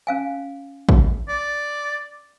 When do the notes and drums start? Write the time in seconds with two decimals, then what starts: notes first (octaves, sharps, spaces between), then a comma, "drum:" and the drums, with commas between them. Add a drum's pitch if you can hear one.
0.07 C#4 F5 G#5
0.89 drum: kick
1.29 D5